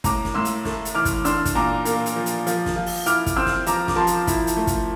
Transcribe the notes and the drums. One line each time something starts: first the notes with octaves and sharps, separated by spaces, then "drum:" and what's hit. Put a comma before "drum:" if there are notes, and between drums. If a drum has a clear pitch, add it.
A2 A#5 D6, drum: kick, hi-hat
drum: snare
A2 C6 E6
drum: hi-hat
A3, drum: snare
drum: hi-hat
E3 D6 F6
drum: kick, hi-hat
D4 C6 E6, drum: hi-hat
drum: kick, hi-hat
A#2 A#5 D6
A#3, drum: hi-hat
drum: hi-hat
F3
drum: hi-hat
F3, drum: hi-hat
drum: snare
F3
drum: open hi-hat
E4 D6 F6, drum: hi-hat
drum: kick, hi-hat
C4 C6 E6
drum: snare
F3 A#5 D6, drum: hi-hat
D6, drum: snare
F3 A5 C6
drum: hi-hat
E4, drum: kick, hi-hat
drum: hi-hat
A3
drum: kick, hi-hat